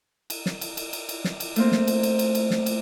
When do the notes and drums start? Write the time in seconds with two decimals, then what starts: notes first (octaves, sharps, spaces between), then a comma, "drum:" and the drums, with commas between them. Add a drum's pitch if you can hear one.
0.30 drum: cymbal
0.46 drum: snare
0.61 drum: cymbal
0.77 drum: cymbal
0.93 drum: cymbal
1.09 drum: cymbal
1.24 drum: snare
1.40 drum: cymbal
1.56 A3 A#3 C4, drum: cymbal
1.72 drum: snare
1.88 drum: cymbal
2.03 drum: cymbal
2.19 drum: cymbal
2.35 drum: cymbal
2.51 drum: snare
2.66 drum: cymbal